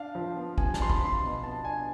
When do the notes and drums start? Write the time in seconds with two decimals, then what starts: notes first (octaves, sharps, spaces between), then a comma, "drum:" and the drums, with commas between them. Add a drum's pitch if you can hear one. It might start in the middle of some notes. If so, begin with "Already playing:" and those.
Already playing: D4 F5
0.15 F3
0.36 B3
0.58 C3 G#5, drum: kick
0.74 A5, drum: snare
0.80 D4 C6
0.90 B5, drum: kick
1.01 F3 C6
1.21 B2
1.43 B3 A5
1.65 D4 G#5